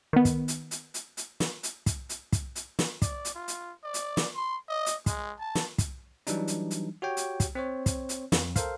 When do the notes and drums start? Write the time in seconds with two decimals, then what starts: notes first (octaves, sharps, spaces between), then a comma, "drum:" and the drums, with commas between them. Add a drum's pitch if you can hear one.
0.13 D#3 B3
0.25 drum: kick, hi-hat
0.48 drum: hi-hat
0.71 drum: hi-hat
0.94 drum: hi-hat
1.17 drum: hi-hat
1.40 drum: snare
1.63 drum: hi-hat
1.86 drum: kick, hi-hat
2.09 drum: hi-hat
2.32 drum: kick, hi-hat
2.56 drum: hi-hat
2.79 drum: snare
3.02 D5, drum: kick, hi-hat
3.25 drum: hi-hat
3.35 F4
3.48 drum: hi-hat
3.84 D5
3.94 drum: hi-hat
4.17 drum: snare
4.35 C6
4.69 D#5
4.86 drum: hi-hat
5.06 G#3, drum: kick, hi-hat
5.39 A5
5.55 drum: snare
5.78 drum: kick, hi-hat
6.27 E3 F#3 G3 D4 D#4, drum: hi-hat
6.48 drum: hi-hat
6.71 drum: hi-hat
7.02 F#4 G4 C#5 G5
7.17 drum: hi-hat
7.40 drum: kick, hi-hat
7.55 C4 C5 C#5
7.86 drum: kick, hi-hat
8.09 drum: hi-hat
8.32 F2, drum: snare
8.56 A4 A#4 C5 F5, drum: kick, hi-hat